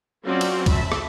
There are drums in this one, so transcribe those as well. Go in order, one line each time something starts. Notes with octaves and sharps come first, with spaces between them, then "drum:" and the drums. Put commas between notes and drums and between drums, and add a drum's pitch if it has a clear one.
F#3 C4 C#4 F4 F#4 D5
drum: cymbal
E5 A5 B5, drum: kick C2, cymbal
drum: rim click